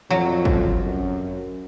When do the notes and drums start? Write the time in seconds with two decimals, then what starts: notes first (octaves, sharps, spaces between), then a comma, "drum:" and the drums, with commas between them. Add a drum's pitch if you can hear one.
0.10 F2 F#3
0.45 drum: kick
0.83 F#2